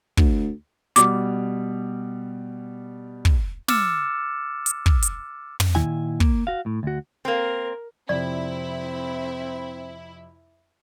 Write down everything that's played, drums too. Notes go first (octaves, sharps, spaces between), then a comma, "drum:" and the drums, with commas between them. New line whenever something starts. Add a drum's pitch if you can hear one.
D2, drum: kick
B2 G3 D6, drum: hi-hat
drum: kick
D6 E6 F6 A6 C#7 E7, drum: snare
drum: hi-hat
drum: kick
drum: hi-hat
drum: tom
A#2 D#3 E4 G#5
A#3, drum: kick
F#4 F5
A2
D2 F#4
A#3 C4 A#4
F2 C3 C4 E4 D5